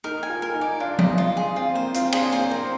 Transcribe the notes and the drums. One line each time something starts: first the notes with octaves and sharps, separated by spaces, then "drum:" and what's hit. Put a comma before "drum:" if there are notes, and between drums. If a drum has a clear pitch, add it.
D#4 A#4
G#5
F4
A#4
D#4
D5
D4 F4
D#5, drum: tom F3
F4
G#4
C4 F4
A#3 C5
C4 F4, drum: hi-hat
D4 G#4, drum: cymbal
A#3 C5
A#3
C4 A#5